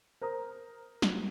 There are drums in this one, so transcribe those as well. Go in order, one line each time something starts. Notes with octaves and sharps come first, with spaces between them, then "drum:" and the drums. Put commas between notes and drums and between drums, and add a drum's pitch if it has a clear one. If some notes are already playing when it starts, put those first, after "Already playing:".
A#4 C5 A#5 D#6
drum: snare